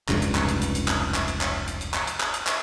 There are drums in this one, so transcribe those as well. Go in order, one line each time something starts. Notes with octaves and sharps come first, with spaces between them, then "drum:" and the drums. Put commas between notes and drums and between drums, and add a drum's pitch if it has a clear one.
F1 C#2 G2, drum: clap
drum: hi-hat
drum: clap
drum: hi-hat
drum: hi-hat
drum: hi-hat
drum: clap
drum: clap
drum: hi-hat
drum: clap
drum: hi-hat
drum: hi-hat
drum: clap
drum: hi-hat
drum: clap
drum: hi-hat
drum: clap